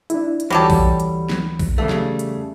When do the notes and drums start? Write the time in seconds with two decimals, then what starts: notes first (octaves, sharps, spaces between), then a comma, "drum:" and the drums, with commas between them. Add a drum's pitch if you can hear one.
0.10 D4 E4, drum: hi-hat
0.40 drum: hi-hat
0.50 D2 E3 F#3 G3 G4 A4 B5
0.70 drum: kick A#1, open hi-hat
1.00 drum: hi-hat
1.30 drum: snare
1.59 drum: kick A#1, open hi-hat
1.78 E2 C#3 G3 A3
1.89 drum: snare
2.19 drum: hi-hat